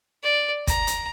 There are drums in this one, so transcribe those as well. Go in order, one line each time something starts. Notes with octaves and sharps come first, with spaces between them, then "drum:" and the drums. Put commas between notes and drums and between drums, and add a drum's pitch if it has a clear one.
D5
A#5, drum: kick, hi-hat
drum: hi-hat